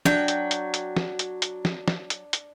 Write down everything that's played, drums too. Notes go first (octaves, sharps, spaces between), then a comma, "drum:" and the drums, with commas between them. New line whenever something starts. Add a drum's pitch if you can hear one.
F#3 D4 G5, drum: snare
drum: hi-hat
drum: hi-hat
drum: hi-hat
drum: snare
drum: hi-hat
drum: hi-hat
drum: snare
drum: snare
drum: hi-hat
drum: hi-hat